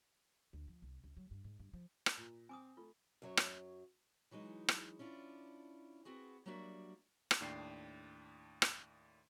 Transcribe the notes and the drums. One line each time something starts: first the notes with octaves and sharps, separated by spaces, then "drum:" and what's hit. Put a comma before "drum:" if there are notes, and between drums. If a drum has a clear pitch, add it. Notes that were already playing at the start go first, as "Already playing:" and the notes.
D2
F3
C2
C#2
F#3
G2
G#2
G2
F3
drum: rim click
A#2
C4 G#5 D6 D#6
A3 F4
F#2 F#3 C#5
drum: rim click
E3 F#3 G#3 D#4
drum: rim click
C#4 D4 E4 F4
B3 C4 F#4 G#4
F#3 G3 A#3 D4 F#4 E5
drum: rim click
D#2 A2 D4 D5 G5 C7
drum: rim click